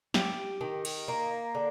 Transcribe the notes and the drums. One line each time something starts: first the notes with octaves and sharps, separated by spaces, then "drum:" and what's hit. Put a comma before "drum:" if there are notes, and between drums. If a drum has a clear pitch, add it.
G4, drum: snare
D#3
drum: cymbal
A#3
D3